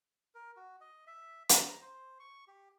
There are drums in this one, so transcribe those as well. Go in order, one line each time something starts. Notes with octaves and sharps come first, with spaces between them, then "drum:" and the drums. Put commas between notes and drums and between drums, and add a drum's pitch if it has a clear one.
A#4
F#4
D#5
E5
A#5, drum: hi-hat
C5
C#6
G4